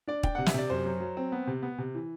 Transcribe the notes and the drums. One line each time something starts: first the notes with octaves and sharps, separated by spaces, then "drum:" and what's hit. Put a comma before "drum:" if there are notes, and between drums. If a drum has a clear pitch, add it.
D4 D5
D4 G5, drum: kick
C3 F#5
E5, drum: snare
C3 D5
F#2 C5
F#3
F#3
C4
B3
C3
B3
C3
E3